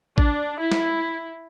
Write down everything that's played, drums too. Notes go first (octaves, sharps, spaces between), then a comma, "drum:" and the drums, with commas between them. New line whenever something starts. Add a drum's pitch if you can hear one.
D4, drum: kick
E4
drum: snare